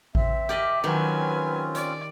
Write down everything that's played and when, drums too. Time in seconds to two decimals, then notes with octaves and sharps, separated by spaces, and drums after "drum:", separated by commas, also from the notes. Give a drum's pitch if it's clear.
0.15 C4 E5, drum: kick A1
0.49 G4 A#4 D5 D#5
0.84 D#3 F#3 C4 C#4 F4 B4 G#5
1.75 D5, drum: hi-hat